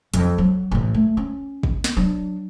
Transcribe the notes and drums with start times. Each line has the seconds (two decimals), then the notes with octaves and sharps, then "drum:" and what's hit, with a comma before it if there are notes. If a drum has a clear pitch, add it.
0.14 F2, drum: hi-hat
0.38 F#3
0.72 A1 A2
0.94 A3
1.17 C#4
1.63 drum: kick
1.84 drum: snare
1.97 F#3 D4